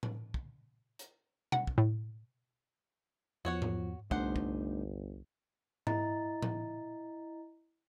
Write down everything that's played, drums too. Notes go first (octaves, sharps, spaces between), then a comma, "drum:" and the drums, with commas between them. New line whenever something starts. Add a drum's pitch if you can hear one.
drum: tom A2
drum: kick
drum: hi-hat
F#5, drum: tom B2
drum: kick
A2
E2 F3 B3 F#4 C#5 F#5
drum: tom G#2
G1 C2 A3 D4 D#4 C5 F#5, drum: kick
drum: kick
E4 D#5 A#5 A6, drum: tom G#2
drum: tom A2